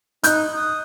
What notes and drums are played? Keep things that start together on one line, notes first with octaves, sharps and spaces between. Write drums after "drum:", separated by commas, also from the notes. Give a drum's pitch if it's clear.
D#4 F#6 G6, drum: hi-hat
D#6